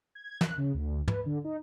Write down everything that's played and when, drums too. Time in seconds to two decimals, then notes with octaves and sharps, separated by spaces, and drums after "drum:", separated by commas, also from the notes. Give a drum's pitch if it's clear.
0.15 G#6
0.41 F#6, drum: snare
0.58 C#3
0.74 D2
1.08 B4, drum: tom
1.26 D3
1.44 D#4